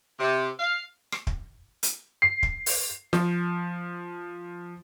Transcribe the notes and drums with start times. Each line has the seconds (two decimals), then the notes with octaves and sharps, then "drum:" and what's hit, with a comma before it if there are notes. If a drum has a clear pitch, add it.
0.19 C3
0.59 F5
1.12 drum: rim click
1.27 drum: kick
1.83 drum: hi-hat
2.22 C7
2.43 drum: kick
2.66 drum: open hi-hat
3.13 F3, drum: snare